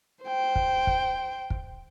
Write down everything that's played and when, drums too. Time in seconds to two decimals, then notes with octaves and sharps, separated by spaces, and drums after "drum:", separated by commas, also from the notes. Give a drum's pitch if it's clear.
0.24 C5 G5
0.55 drum: kick
0.87 drum: kick
1.50 drum: kick